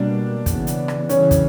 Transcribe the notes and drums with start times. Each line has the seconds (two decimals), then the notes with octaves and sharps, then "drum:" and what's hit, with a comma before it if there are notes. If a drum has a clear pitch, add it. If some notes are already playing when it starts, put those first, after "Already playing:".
Already playing: B2 G3 A#3 D4
0.46 C#3 E3 B3, drum: kick, hi-hat
0.67 drum: hi-hat
0.88 drum: rim click
1.09 C#3 E3 G3 C#4, drum: hi-hat
1.31 drum: kick, hi-hat